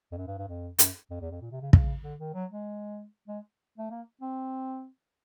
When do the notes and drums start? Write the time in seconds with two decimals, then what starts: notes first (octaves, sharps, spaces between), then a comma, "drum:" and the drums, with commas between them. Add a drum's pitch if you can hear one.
0.12 F2
0.18 F#2
0.27 G2
0.38 G2
0.48 F2
0.79 F#2, drum: hi-hat
1.10 F2
1.21 E2
1.31 F2
1.41 A#2
1.51 C3
1.62 C#3
1.73 C#3, drum: kick
2.03 D3
2.20 D#3
2.34 F#3
2.51 G#3
3.28 G#3
3.78 A3
3.91 A#3
4.21 C4